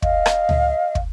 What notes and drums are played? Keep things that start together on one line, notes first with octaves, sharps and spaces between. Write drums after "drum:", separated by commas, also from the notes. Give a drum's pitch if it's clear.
D#5 F5, drum: kick
drum: rim click
drum: tom C#2
drum: kick